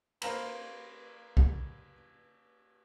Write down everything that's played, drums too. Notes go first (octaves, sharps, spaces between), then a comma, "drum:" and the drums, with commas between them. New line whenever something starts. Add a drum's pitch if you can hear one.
A#3 C5 F5 A#5 B5, drum: cymbal
drum: kick